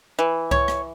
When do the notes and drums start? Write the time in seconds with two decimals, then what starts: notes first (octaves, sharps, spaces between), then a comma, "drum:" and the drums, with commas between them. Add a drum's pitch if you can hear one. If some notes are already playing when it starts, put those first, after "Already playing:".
0.19 E3
0.51 C#5, drum: kick C2
0.68 drum: rim click